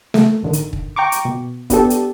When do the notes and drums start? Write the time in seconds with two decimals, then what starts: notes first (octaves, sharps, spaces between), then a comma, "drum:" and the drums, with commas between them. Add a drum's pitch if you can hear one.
0.14 A3, drum: snare
0.42 A1 D3 D#3
0.53 drum: hi-hat
0.73 drum: kick
0.96 G5 A#5 C#6 D6
1.12 drum: hi-hat
1.25 B2
1.70 B3 D4 G4 A4, drum: kick, hi-hat
1.90 drum: hi-hat